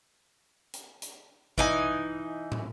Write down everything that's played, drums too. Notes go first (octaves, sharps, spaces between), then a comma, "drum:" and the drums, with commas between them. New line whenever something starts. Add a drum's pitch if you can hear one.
drum: hi-hat
drum: hi-hat
E3 D#4 G#5, drum: kick A1
drum: tom